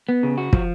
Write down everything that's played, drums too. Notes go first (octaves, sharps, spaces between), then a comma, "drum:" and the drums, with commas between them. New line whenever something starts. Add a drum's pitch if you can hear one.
B3
C#3
F#4
F3, drum: kick